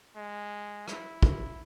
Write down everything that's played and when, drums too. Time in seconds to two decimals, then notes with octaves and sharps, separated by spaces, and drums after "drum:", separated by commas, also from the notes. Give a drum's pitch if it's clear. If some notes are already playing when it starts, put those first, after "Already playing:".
0.17 G#3
0.88 E4, drum: rim click
1.23 drum: kick